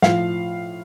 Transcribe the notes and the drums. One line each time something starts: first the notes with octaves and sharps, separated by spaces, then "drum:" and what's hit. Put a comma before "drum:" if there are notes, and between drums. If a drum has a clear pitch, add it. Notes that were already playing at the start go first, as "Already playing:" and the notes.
A2 F3 F5, drum: snare